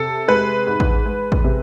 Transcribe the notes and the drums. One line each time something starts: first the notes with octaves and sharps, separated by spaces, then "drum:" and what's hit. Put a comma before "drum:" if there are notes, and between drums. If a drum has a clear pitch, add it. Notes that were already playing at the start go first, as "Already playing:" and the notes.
Already playing: C3 A4
G#3 B4
G#2
drum: kick A1
G#3
drum: kick A1
C3